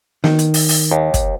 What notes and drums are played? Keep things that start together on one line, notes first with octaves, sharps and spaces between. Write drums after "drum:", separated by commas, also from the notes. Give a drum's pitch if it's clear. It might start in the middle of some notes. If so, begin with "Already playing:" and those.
D#3, drum: snare
drum: hi-hat
drum: open hi-hat
drum: open hi-hat
D#2
drum: kick, hi-hat